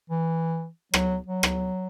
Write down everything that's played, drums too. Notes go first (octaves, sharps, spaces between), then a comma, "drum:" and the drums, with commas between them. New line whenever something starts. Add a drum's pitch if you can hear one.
E3
F#3, drum: rim click
F#3
drum: rim click